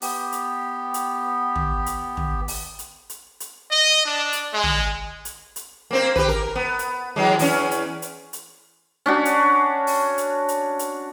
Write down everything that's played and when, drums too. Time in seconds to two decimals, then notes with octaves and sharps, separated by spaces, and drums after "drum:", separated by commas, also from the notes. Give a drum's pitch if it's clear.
0.02 B3 G4, drum: open hi-hat
0.32 drum: hi-hat
0.94 drum: hi-hat
1.56 drum: tom
1.86 drum: hi-hat
2.17 drum: tom
2.48 drum: open hi-hat
2.79 drum: hi-hat
3.10 drum: hi-hat
3.40 drum: hi-hat
3.72 D#5
4.05 D4
4.33 drum: hi-hat
4.53 G#3
4.63 drum: tom
5.25 drum: hi-hat
5.56 drum: hi-hat
5.91 A#3 C4 C5
6.16 G4 B4, drum: tom
6.28 A#4
6.55 B3
6.79 drum: hi-hat
7.16 E3 F#3 G#3
7.39 E2 C#4, drum: open hi-hat
7.71 drum: hi-hat
8.02 drum: hi-hat
8.33 drum: hi-hat
9.06 C#4 D4 F#4
9.25 drum: hi-hat
9.87 drum: open hi-hat
10.18 drum: hi-hat
10.48 drum: hi-hat
10.79 drum: hi-hat